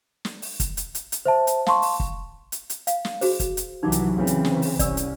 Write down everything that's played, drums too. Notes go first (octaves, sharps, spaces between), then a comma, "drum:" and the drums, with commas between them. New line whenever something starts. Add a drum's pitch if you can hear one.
drum: snare
drum: open hi-hat
drum: kick, hi-hat
drum: hi-hat
drum: hi-hat
drum: hi-hat
C5 E5 A5
drum: hi-hat
F5 A5 C6 C#6, drum: snare
drum: open hi-hat
drum: kick
drum: hi-hat
drum: hi-hat
F5, drum: hi-hat
drum: snare
F#4 G#4 C5, drum: open hi-hat
drum: kick, hi-hat
drum: hi-hat
C2 E3 F#3 D#4 G4 D6
drum: hi-hat
C#3 E3 C4
drum: hi-hat
drum: snare
drum: open hi-hat
C2 C#4 D5 E6, drum: kick, hi-hat
drum: hi-hat